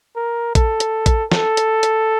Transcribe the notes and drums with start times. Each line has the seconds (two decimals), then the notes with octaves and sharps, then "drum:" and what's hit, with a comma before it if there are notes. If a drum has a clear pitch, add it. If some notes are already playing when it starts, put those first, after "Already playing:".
0.16 A#4
0.55 A4, drum: kick, hi-hat
0.80 drum: hi-hat
1.06 drum: kick, hi-hat
1.32 A4, drum: snare
1.57 drum: hi-hat
1.83 drum: hi-hat